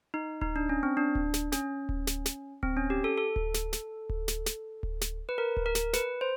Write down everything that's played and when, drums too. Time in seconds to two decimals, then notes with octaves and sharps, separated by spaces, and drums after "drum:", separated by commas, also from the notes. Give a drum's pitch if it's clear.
0.14 D#4
0.41 D#4, drum: kick D1
0.56 D4
0.69 C#4
0.83 C4
0.97 D4
1.15 drum: kick D1
1.34 drum: snare
1.52 C#4, drum: snare
1.89 drum: kick D1
2.07 drum: snare
2.26 drum: snare
2.63 C4, drum: kick D1
2.77 C#4
2.90 G4
3.04 A4
3.18 A4
3.36 drum: kick D1
3.54 drum: snare
3.73 drum: snare
4.09 drum: kick D1
4.28 drum: snare
4.46 drum: snare
4.83 drum: kick D1
5.01 drum: snare
5.29 B4
5.38 A#4
5.57 drum: kick D1
5.66 A#4
5.75 drum: snare
5.93 B4, drum: snare
6.21 C5